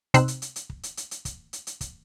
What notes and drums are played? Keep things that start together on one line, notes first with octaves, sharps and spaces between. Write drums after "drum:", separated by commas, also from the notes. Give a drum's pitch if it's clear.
C3 C4 D#4 C5 E6 F#6, drum: kick, hi-hat
drum: hi-hat
drum: hi-hat
drum: hi-hat
drum: kick
drum: hi-hat
drum: hi-hat
drum: hi-hat
drum: kick, hi-hat
drum: hi-hat
drum: hi-hat
drum: kick, hi-hat